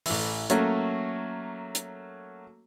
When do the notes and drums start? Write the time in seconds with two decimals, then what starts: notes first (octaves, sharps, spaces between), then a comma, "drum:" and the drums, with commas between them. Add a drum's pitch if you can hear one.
0.06 A1 E3, drum: open hi-hat
0.50 F#3 A3 A#3 C#4 F#4, drum: hi-hat
1.75 drum: hi-hat